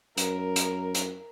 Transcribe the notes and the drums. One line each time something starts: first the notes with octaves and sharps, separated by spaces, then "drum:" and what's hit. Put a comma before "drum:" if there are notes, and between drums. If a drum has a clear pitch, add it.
F#2 A#4, drum: hi-hat
drum: hi-hat
drum: hi-hat